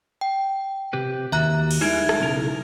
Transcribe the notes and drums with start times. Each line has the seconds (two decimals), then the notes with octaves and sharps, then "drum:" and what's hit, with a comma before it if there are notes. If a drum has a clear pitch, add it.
0.21 G5
0.93 C3 G4 B4
1.32 D#2 F#4 E5 A#5 F#6
1.71 drum: cymbal
1.81 G3 G#3 D#4 E4 A#4 G#6 D7
2.09 drum: rim click
2.20 B1 C#3 A#4